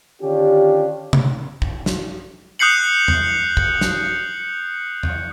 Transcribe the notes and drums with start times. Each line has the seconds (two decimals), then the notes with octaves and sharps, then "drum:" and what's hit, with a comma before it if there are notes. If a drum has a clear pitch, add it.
0.22 D3 D#3 C#4 D4 F4 G4
1.13 drum: tom C3
1.62 drum: kick
1.86 drum: snare
2.59 D#6 F#6 G6 C7 C#7 F#7
3.08 drum: tom E2
3.57 drum: kick
3.81 drum: snare
5.03 drum: tom E2